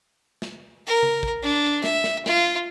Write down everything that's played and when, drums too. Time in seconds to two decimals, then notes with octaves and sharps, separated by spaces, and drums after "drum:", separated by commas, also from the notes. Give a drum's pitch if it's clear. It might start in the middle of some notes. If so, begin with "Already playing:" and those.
0.42 drum: snare
0.87 A#4
1.03 drum: tom C#3
1.23 drum: kick
1.43 D4
1.84 E5, drum: snare
2.04 drum: snare
2.26 F4, drum: snare